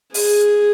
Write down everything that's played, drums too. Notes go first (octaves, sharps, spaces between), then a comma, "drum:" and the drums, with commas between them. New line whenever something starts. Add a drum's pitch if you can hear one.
G#4, drum: open hi-hat